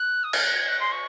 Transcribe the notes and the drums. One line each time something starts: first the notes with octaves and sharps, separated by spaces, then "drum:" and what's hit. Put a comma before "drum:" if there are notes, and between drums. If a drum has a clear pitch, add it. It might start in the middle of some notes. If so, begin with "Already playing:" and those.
Already playing: F#6
D#6
F6, drum: cymbal
F#6
G#6
F#6
C6
C#6